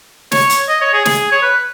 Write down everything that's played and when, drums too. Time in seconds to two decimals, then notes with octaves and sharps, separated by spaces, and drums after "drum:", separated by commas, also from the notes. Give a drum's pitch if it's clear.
0.32 C#5, drum: snare
0.50 drum: hi-hat
0.69 D#5
0.81 C#5
0.93 G#4
1.05 G#4, drum: snare
1.32 C#5
1.42 B4